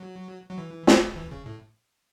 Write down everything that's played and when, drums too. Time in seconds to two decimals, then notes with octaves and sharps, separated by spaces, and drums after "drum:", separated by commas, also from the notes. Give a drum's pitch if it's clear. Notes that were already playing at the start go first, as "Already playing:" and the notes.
Already playing: F#3
0.50 F#3
0.58 E3
0.87 drum: snare
1.16 E3
1.31 C#3
1.46 A2